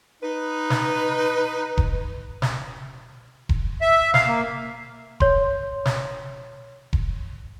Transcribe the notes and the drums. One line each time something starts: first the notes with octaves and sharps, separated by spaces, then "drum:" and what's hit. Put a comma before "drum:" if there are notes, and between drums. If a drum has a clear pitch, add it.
D#4 B4
drum: snare
drum: kick E1
drum: snare
drum: kick E1
E5
F5, drum: snare
A#3
C#5 C6, drum: kick E1
drum: snare
drum: kick E1